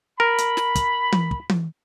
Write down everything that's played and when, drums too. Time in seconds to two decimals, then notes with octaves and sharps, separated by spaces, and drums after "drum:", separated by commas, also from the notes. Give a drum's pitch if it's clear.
0.20 A#4 B5
0.38 drum: hi-hat
0.57 drum: snare
0.75 drum: kick, hi-hat
1.12 drum: tom E3
1.31 drum: kick
1.50 drum: tom E3